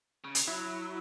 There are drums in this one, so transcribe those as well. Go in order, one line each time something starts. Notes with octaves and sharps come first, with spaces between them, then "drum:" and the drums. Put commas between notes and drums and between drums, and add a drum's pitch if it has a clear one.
C#3
drum: hi-hat
F#3 E4